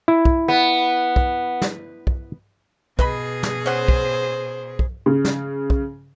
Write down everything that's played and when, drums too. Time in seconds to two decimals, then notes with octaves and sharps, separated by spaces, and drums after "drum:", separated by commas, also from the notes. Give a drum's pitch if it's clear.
0.08 E4
0.25 drum: kick
0.48 B3
1.16 drum: kick
1.62 drum: snare
2.07 drum: kick
2.99 B2 G#4 B4 D#5 B5, drum: kick
3.43 drum: snare
3.66 C#4 C5 F#5
3.88 drum: kick
4.79 drum: kick
5.06 C#3
5.25 drum: snare
5.70 drum: kick